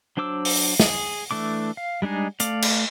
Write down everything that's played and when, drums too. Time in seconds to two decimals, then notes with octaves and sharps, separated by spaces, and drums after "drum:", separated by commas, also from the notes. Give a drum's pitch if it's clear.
0.17 F#3 D4 C5 D6 E6
0.45 drum: open hi-hat
0.80 G#4, drum: snare
1.31 E3 A3 D4 D6
1.77 F5
2.02 G3 G#3 D4 D#4 G#4
2.40 A3 D5 F5, drum: hi-hat
2.62 drum: cymbal